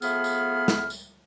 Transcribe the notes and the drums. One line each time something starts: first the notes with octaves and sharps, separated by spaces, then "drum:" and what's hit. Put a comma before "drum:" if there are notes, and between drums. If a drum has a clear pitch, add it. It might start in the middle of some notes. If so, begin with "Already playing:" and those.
F3 A3 B3 G#4 B5 F6, drum: tambourine
drum: tambourine
drum: snare
drum: tambourine